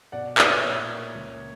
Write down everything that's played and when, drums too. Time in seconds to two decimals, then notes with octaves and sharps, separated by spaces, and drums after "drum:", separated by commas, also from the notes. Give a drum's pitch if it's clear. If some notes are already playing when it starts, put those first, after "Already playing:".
0.12 B2 D5 F#5
0.38 A#3 B4 D5, drum: clap
0.51 C#5 E5
0.64 A#2
0.89 A#3
1.15 C#2